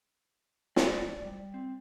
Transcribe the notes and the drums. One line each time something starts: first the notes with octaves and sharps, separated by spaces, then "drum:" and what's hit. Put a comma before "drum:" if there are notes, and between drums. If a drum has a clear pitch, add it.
D5, drum: snare
G3
C4